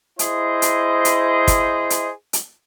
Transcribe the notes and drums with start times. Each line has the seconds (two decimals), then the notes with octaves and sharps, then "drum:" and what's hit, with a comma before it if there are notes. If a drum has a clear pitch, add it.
0.19 E4 G#4 C5 D#5, drum: hi-hat
0.62 drum: hi-hat
1.05 drum: hi-hat
1.48 drum: kick, hi-hat
1.90 drum: hi-hat
2.33 drum: hi-hat